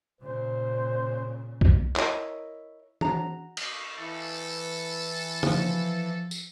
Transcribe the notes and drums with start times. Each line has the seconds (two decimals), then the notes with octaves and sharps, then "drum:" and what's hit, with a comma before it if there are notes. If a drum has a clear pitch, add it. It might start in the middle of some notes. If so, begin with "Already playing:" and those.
0.21 A#2 C#3 C5
1.61 drum: kick
1.96 E4 A#4 C#5 D#5, drum: clap
3.01 F#4 A#5, drum: tom E3
3.57 drum: cymbal
3.98 E3 A4
5.43 F3, drum: tom
6.31 drum: tambourine